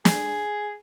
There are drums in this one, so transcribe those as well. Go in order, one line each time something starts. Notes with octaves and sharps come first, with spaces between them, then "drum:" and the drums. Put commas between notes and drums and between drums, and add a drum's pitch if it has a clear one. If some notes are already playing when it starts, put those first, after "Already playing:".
G#4, drum: snare